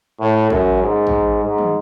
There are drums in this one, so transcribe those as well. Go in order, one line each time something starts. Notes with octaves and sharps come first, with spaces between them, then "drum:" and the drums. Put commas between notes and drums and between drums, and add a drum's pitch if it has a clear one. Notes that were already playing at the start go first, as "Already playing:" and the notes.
A2
F#2, drum: kick A1
G#2
drum: kick A1
G#2
drum: tom